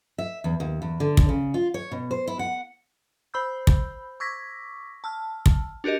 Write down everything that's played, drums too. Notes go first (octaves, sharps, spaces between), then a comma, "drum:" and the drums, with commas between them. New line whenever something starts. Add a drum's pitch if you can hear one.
E5
E2
D#2
E2
D3
drum: kick
C#3
F4
C#5
B2
C5
E4
F#5
C5 B5 E6 G6
drum: kick
C#6 D6 E6 G#6 A#6 B6
A5 E6 F6
drum: kick
D4 F#4 G4 A#4 D#5